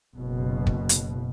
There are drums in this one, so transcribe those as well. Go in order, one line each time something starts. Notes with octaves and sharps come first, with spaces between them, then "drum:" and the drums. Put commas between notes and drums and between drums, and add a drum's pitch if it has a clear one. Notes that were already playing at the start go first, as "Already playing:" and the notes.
F#1 B2
drum: kick
drum: hi-hat